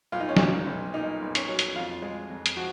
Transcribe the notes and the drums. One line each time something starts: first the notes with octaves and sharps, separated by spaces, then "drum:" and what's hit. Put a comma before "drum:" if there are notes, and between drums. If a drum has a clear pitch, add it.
B1 F4
D#4
C#4
F#3 D#4, drum: snare
B1
A#2 D#4
B1
C#4, drum: hi-hat
F#3
drum: hi-hat
F2 F4
G#3
F2
drum: hi-hat
F3 F#4